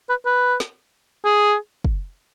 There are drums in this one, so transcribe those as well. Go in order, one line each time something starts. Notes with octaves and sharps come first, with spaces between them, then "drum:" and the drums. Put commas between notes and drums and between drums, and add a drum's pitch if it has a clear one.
B4
B4
drum: snare
G#4
drum: kick